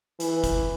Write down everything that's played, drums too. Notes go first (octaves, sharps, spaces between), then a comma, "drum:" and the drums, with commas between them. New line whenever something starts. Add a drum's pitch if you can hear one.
E3, drum: hi-hat
drum: kick, hi-hat